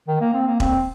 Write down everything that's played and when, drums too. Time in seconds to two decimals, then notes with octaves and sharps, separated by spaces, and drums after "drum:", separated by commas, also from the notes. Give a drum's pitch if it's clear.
0.08 D#3
0.21 A#3
0.34 C4
0.47 A#3
0.60 C4, drum: kick E1